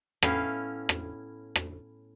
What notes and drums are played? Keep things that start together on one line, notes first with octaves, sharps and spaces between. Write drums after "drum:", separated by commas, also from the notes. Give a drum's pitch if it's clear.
A2 B3 C#4 E4 F5, drum: rim click
drum: rim click
drum: rim click